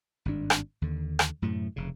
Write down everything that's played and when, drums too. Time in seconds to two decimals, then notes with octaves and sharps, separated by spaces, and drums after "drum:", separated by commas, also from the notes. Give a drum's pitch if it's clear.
0.25 G#1 G2 D4
0.50 drum: rim click
0.82 D#2 D3
1.19 drum: rim click
1.42 F#2 A2 C3 A3
1.76 F1 C#3